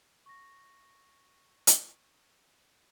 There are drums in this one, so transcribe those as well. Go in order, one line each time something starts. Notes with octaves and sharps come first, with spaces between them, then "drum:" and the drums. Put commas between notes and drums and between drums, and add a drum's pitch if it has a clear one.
C#6 A#6
drum: hi-hat